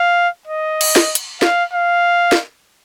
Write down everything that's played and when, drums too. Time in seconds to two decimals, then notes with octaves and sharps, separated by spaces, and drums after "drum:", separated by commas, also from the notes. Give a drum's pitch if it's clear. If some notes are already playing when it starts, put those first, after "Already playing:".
Already playing: F5
0.47 D#5
0.81 drum: cymbal
0.96 drum: snare
1.15 drum: hi-hat
1.42 F5, drum: snare
1.73 F5
2.32 drum: snare